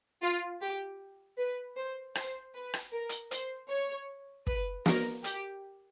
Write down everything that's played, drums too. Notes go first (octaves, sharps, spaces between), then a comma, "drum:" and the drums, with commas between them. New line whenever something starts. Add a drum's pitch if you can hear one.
F4
G4
B4
C5
C5, drum: rim click
B4
drum: rim click
A#4
drum: hi-hat
C5, drum: hi-hat
C#5
B4, drum: kick
A#4, drum: snare
G4, drum: hi-hat